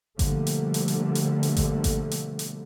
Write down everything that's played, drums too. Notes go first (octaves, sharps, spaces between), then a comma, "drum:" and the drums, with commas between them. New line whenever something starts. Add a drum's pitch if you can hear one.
B2 D3 F3 G3 A3 A#3, drum: kick G#1, hi-hat
drum: hi-hat
drum: hi-hat
drum: hi-hat
drum: hi-hat
drum: hi-hat
drum: kick G#1, hi-hat
drum: kick G#1, hi-hat
drum: hi-hat
drum: hi-hat